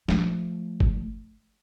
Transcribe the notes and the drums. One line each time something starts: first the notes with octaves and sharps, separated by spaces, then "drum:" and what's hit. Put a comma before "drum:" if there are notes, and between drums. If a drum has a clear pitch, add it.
F3 A3, drum: snare
drum: kick G1